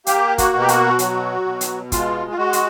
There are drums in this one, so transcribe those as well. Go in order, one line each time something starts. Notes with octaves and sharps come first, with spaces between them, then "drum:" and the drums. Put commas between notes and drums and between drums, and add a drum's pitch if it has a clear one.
A#3 G4, drum: hi-hat
F#4, drum: kick, hi-hat
B2
G4
F#4, drum: hi-hat
F#3, drum: hi-hat
B2
drum: hi-hat
G#3 F4, drum: kick, hi-hat
F4
G#3 F#4
drum: hi-hat